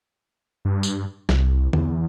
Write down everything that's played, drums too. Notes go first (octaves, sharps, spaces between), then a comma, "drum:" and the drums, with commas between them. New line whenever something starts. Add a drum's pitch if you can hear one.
G2
drum: tambourine
C2, drum: snare
E2, drum: tom D3